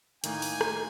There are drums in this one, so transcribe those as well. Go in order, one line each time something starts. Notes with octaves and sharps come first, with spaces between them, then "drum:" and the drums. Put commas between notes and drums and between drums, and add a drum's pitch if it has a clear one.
A2 D#3 A#3 D#4 G#5, drum: hi-hat
drum: open hi-hat
drum: rim click